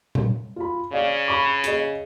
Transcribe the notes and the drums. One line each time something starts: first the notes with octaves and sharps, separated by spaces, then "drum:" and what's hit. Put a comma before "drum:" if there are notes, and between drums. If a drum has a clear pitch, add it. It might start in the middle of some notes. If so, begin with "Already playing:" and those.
drum: tom A#2
F4 B5
C#3 D5 F5
B5 C#6
G#4 D#5, drum: hi-hat